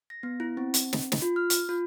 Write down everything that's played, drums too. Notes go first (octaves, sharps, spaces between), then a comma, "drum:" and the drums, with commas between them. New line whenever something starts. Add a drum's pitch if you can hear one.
A#6
B3
E4
C4
drum: hi-hat
drum: snare
drum: snare
F4
F6
drum: hi-hat
F4